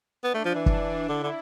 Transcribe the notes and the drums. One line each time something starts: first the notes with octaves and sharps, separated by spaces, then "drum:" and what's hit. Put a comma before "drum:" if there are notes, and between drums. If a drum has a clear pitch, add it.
B3 D4
A3
F3
E3
D4, drum: kick
D3 E4
D3